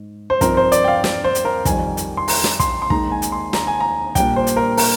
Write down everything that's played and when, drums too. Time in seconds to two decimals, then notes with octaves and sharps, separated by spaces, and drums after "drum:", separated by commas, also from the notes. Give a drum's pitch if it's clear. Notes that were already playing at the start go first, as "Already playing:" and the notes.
Already playing: G#2
0.30 C5
0.41 G2 F3 C4 D#4 A#4, drum: kick, hi-hat
0.57 C5
0.72 D5, drum: hi-hat
0.84 G5
0.88 F5
1.04 D5, drum: snare
1.24 C5
1.35 drum: hi-hat
1.45 A#4
1.65 F2 D#3 G3 G#5, drum: kick, hi-hat
1.97 drum: hi-hat
2.17 C6
2.28 A#5, drum: open hi-hat
2.44 drum: snare
2.60 C6, drum: kick, hi-hat
2.82 C6
2.90 D#2 D#3 G#3 D#4 A#5, drum: kick
3.11 G#5
3.22 drum: hi-hat
3.32 C6
3.53 A#5, drum: snare
3.67 G#5
3.80 A#5
4.15 A#2 G3 D4 G5, drum: kick, hi-hat
4.36 C5
4.47 drum: hi-hat
4.56 A#4
4.77 A#4, drum: open hi-hat